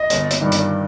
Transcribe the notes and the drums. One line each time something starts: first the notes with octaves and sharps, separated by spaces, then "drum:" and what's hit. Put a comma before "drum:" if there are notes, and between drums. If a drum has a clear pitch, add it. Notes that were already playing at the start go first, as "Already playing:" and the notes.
Already playing: D#5
G1, drum: hi-hat
drum: hi-hat
G2 D#3 G3
drum: hi-hat